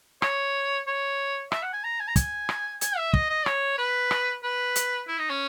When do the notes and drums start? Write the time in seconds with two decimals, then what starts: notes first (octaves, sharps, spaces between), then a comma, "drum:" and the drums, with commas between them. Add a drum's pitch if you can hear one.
0.22 C#5, drum: rim click
0.87 C#5
1.52 E5, drum: rim click
1.62 F#5
1.73 G#5
1.84 A#5
2.00 G#5
2.08 A#5
2.16 G#5, drum: kick, hi-hat
2.49 drum: rim click
2.81 G#5, drum: hi-hat
2.97 E5
3.13 D#5, drum: kick
3.30 D#5
3.46 C#5, drum: rim click
3.78 B4
4.11 drum: rim click
4.43 B4
4.76 drum: hi-hat
5.08 E4
5.19 D#4
5.30 C#4